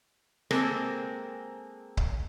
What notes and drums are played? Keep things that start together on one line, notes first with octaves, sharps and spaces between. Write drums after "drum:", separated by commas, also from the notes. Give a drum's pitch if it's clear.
G#3 A#3 C4 A4 A#4, drum: rim click
drum: kick C#1